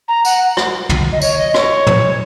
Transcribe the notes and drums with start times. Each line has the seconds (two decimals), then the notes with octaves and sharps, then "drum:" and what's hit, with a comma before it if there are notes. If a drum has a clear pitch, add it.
0.08 A#5
0.25 F#5, drum: tambourine
0.57 drum: rim click
0.89 drum: tom
1.12 D#5
1.22 C#5, drum: tambourine
1.38 D#5
1.54 C#5, drum: rim click
1.87 drum: tom